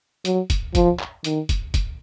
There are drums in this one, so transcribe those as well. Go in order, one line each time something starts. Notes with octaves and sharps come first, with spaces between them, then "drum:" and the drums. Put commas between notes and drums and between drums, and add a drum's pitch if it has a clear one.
F#3, drum: hi-hat
drum: kick, hi-hat
F3, drum: kick, hi-hat
drum: clap
D#3, drum: hi-hat
drum: kick, hi-hat
drum: kick, hi-hat